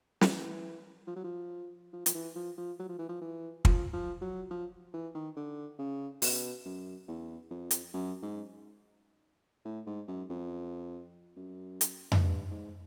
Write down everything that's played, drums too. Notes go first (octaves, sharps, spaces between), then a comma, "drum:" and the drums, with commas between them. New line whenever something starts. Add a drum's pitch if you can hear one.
E3, drum: snare
F3
F#3
F3
F3
F3, drum: hi-hat
E3
F3
F3
F#3
F3
E3
F3
E3
F3, drum: kick
F3
F#3
F3
E3
D#3
D3
C#3
B2, drum: open hi-hat
F#2
E2
F2
drum: hi-hat
F#2
G#2
A2
G#2
F#2
F2
F#2
drum: hi-hat
G#2, drum: tom F2
G2
G#2